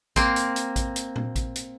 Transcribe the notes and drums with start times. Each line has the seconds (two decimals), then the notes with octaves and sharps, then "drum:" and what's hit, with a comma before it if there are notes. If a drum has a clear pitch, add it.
0.16 A#3 C4, drum: kick A1, hi-hat
0.36 drum: hi-hat
0.56 drum: hi-hat
0.76 drum: kick A1, hi-hat
0.96 drum: hi-hat
1.16 drum: tom A#2
1.36 drum: kick A1, hi-hat
1.56 drum: hi-hat